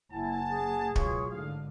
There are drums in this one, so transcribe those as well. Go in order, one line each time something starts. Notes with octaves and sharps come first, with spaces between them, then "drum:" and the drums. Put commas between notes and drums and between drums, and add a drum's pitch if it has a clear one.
F#1 E4 F#5 G#5 A5
G#4
C#2 B2 F#3 F4 C#5, drum: kick D1
G#1 A2 D3 F5